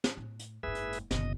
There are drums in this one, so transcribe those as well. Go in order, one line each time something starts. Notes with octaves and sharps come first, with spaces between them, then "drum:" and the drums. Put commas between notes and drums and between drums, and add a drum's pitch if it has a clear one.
drum: snare
A2
drum: hi-hat
F#1 G#2 G#4 B4 E5
drum: hi-hat
drum: hi-hat
F#1 B2 D3 D#5, drum: snare